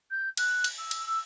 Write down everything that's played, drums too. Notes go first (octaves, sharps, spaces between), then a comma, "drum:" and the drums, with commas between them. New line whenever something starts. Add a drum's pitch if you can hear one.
G6
F#6, drum: cymbal
drum: cymbal
E6
drum: cymbal
E6